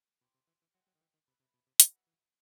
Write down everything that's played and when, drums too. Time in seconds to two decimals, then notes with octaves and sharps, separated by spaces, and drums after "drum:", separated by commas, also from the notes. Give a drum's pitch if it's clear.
0.21 B2 E4 G4 C5
0.34 C3
0.47 E3
0.61 E3
0.74 F#3 F#4 C5 D#5 G5
0.87 F#3
0.95 D#3
1.01 E3
1.14 D#3
1.27 C3 B4 E5 B5
1.40 C3
1.54 B2
1.67 C3
1.80 D#3 F#4 B4 E5, drum: hi-hat
2.07 E3